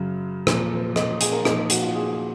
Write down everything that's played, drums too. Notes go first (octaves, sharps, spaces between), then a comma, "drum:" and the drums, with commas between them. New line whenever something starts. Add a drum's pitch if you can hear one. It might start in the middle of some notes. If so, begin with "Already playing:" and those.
Already playing: F#2 C#3 F#3
A#2 F3, drum: rim click
D#5, drum: rim click
G#4, drum: hi-hat
A#4
A#2 F3 D#4, drum: rim click
D#4
F#4, drum: hi-hat
F4
G#4